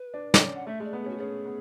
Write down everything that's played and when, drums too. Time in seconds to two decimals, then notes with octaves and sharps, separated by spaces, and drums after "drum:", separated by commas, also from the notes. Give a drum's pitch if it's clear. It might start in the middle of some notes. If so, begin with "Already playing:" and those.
Already playing: B4
0.14 D4
0.34 C#4, drum: snare
0.40 D4
0.55 F#5
0.67 A3 E5
0.80 G#3 D5
0.93 B3
1.02 G#4
1.06 C#4 F#4
1.17 C#4 G#4
1.46 B3